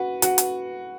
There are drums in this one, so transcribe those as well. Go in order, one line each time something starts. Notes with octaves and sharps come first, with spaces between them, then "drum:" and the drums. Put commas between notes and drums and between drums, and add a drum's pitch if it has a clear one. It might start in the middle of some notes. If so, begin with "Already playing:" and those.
Already playing: F#4 B4
F#4, drum: hi-hat
drum: hi-hat